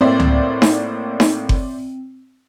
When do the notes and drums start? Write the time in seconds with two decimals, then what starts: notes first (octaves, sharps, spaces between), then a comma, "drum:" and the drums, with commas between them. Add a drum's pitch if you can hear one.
0.01 A2 A#3 C4 C5 D5 E5
0.20 drum: tom C#2
0.62 drum: snare D#4
1.20 drum: snare D#4
1.49 drum: kick F#1